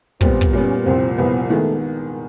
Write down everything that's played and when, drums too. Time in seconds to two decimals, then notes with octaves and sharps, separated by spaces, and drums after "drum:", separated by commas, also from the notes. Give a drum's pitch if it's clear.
0.21 A#2 G3 B3 C4, drum: kick
0.41 drum: kick
0.53 A#2 G3 B3 C#4
0.85 C2 A#2 F3 C4
1.17 C2 A#2 F3 B3
1.50 D#3 G#3 A3 B3